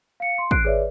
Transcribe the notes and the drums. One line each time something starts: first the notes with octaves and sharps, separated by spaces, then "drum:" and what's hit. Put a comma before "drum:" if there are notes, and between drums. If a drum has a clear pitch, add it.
F5 C#7
C6
F#6 C7 D7, drum: kick
G#4 B4 C#5 D5 E5